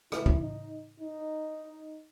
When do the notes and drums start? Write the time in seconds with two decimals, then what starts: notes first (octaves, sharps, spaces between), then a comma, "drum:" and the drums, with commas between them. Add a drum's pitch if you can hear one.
0.12 E4, drum: rim click
0.26 drum: kick
0.41 D#4
1.00 D#4